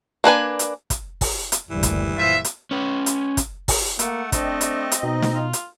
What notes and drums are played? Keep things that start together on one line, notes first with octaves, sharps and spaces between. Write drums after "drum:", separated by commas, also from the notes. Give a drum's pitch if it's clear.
A#3 D4 B4 G#5
drum: hi-hat
drum: kick, hi-hat
drum: kick, open hi-hat
drum: hi-hat
F#1 D2 E3 G3
drum: kick, hi-hat
A#2 F4 C5 E5
drum: hi-hat
C#4 B4
drum: hi-hat
drum: kick, hi-hat
drum: kick, open hi-hat
A3 A#3 F#5, drum: hi-hat
A3 C4 D4 D#5, drum: kick, hi-hat
drum: hi-hat
drum: hi-hat
B2 D#4
drum: snare
F4
drum: hi-hat